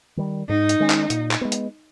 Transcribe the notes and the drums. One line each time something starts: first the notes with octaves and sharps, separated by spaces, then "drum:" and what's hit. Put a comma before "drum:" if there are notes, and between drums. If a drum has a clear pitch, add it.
D#3 G3
G#2 D#4
drum: hi-hat
D#3 G#3 C#4
drum: clap
A#2, drum: hi-hat
drum: clap
G#3 B3
drum: hi-hat